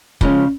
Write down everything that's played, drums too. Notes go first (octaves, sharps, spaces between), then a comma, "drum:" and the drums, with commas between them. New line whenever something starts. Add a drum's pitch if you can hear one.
C#3 F3 G#3 C#4, drum: kick